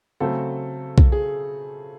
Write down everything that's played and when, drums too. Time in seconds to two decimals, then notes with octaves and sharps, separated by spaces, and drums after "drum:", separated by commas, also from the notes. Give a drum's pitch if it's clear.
0.20 C#3 F#3 A3 C4 A4
0.98 drum: kick B1
1.12 G#4